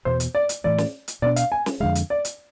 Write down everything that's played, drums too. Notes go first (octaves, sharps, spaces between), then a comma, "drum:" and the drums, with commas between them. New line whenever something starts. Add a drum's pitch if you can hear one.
E2 B2 B3 C5
drum: hi-hat
D5
drum: hi-hat
A2 E3 A3 D5
drum: snare
drum: hi-hat
B2 B3 D4 D5
F5, drum: hi-hat
G#5
drum: snare
F2 D3 G#3 F5
drum: hi-hat
D5
drum: hi-hat